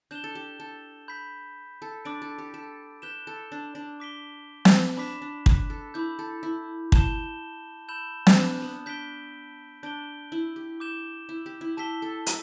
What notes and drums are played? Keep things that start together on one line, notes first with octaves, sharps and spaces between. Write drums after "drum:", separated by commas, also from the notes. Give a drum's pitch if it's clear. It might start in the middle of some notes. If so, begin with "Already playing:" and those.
D4 G6 E7 G7
A4
G4
A4
B5 G6 B6
A4
D4 D6 A6 D7
A4
G4
A4
B4 G6 E7 G7
A4
D4
D4
D6 B6 D7 G7
drum: snare
D4 B5 D6 B6 E7
D4
B4, drum: kick
A4
E4 B5 D6 G6
A4
E4
A5 G6 E7 G7, drum: kick
B5 E6 G6 E7 G7
drum: snare
D4
B3
D4 G6 B6 D7 G7
D4 G6 D7 G7
E4
G4
D6 G6 E7 G7
E4
G4
E4
G4 A5 E6 B6 G7
A4
B4, drum: hi-hat